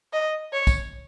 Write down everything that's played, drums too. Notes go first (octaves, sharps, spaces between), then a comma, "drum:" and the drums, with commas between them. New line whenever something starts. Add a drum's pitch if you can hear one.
D#5
C#5
drum: kick, tambourine